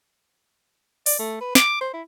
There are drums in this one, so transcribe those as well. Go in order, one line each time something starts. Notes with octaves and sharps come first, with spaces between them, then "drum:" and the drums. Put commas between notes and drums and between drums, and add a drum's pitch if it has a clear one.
D5, drum: open hi-hat
A3
B4
D6, drum: snare
C5
E4